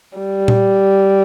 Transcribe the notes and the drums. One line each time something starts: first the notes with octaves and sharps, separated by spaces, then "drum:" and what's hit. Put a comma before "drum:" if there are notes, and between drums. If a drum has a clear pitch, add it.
G3
drum: tom A#2